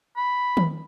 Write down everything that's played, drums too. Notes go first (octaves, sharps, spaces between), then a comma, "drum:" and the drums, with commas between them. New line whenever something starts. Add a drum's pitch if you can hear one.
B5
drum: tom D#3